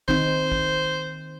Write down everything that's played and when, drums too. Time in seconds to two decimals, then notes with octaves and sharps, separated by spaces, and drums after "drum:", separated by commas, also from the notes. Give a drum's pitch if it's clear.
0.08 D#3 C4 D#4 C5, drum: kick
0.52 drum: kick